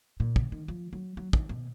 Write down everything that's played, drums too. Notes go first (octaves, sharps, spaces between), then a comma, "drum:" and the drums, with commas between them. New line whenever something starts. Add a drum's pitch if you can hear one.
A#2
C#3, drum: kick
D#3
F3
F#3
F#3
D#3, drum: kick
B2